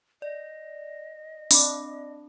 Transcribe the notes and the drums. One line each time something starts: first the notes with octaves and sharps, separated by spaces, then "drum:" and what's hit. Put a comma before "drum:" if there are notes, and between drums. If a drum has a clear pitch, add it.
D5 D#5
C4 D4 B5 D6, drum: open hi-hat